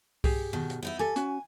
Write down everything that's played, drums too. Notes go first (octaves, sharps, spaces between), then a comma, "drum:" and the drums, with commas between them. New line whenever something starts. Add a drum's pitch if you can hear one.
G4 G#4, drum: kick C2, open hi-hat
B2 D#3
drum: hi-hat
B3 D#4 E4
G4 A4 G#5
C#4 F#4, drum: hi-hat